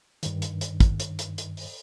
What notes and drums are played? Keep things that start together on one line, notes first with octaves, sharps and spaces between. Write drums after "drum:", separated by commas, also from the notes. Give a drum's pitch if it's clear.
G2 D#3, drum: hi-hat
drum: hi-hat
drum: hi-hat
drum: kick, hi-hat
drum: hi-hat
drum: hi-hat
drum: hi-hat
drum: open hi-hat